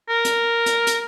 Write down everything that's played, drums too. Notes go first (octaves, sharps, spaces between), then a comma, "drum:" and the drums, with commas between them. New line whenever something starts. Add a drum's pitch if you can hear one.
A#4
drum: hi-hat
drum: hi-hat
drum: hi-hat